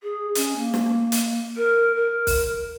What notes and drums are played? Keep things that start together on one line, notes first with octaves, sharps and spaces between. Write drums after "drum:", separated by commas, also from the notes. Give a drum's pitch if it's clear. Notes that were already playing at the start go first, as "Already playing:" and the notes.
G#4
C#4, drum: hi-hat
A#3
drum: snare
drum: hi-hat
A#4
A#4
drum: kick, open hi-hat